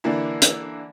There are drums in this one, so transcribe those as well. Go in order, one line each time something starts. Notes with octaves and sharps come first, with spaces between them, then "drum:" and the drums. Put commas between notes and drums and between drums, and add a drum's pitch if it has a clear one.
D3 E3 A#3 D4 E4
drum: hi-hat